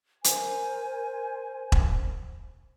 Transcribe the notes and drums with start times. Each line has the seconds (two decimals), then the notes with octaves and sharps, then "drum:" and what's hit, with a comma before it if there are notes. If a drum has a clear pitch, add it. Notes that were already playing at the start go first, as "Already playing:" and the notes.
0.24 A#4 C5 G#5, drum: hi-hat
1.72 drum: kick E1